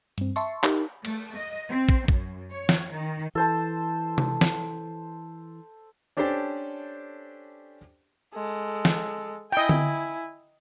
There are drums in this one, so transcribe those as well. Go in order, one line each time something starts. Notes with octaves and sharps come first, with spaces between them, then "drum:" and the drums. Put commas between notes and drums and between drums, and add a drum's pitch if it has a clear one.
G2 C4, drum: hi-hat
E5 A5 C6 C#6, drum: tambourine
D#4 G4 A#4, drum: clap
A3, drum: cymbal
D#5
C4
drum: kick
F#2, drum: kick
C#5
drum: snare
D#3
E3 A4 C5 A5
drum: tom C3
drum: snare
C#4 D4 G4 A4 C5 D5
G#3 A4
drum: snare
E4 D#5 G5 G#5
drum: tom D3